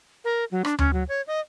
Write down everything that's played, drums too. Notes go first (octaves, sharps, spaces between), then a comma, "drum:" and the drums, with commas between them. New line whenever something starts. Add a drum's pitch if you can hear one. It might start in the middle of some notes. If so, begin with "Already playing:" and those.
A#4
F#3
D4, drum: rim click
C#4, drum: tom D2
F#3
C#5
D#5